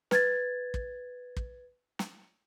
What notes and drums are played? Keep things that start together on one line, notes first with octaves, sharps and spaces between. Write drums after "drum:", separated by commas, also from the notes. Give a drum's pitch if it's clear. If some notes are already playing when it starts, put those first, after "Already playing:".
B4 G#6 A6, drum: snare
drum: kick
drum: kick
drum: snare